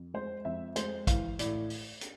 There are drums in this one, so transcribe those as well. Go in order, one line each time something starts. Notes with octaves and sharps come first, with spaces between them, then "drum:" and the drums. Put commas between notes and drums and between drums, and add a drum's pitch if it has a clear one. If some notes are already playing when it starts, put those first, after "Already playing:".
Already playing: F2
G#3 C5
F2 E5
G#3 C5, drum: hi-hat
E3 F5, drum: kick, hi-hat
A2 D5, drum: hi-hat
drum: open hi-hat
drum: hi-hat